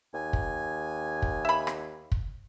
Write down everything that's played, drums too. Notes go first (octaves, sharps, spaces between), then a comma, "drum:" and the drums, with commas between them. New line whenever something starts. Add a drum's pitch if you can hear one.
D#2 G#5
drum: kick
drum: kick
E5 B5
drum: rim click
drum: kick